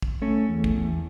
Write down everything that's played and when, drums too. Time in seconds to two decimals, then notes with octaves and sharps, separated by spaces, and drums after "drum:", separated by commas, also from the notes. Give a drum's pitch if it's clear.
0.02 drum: kick
0.22 A3 C#4
0.49 E2
0.64 drum: kick
0.76 E2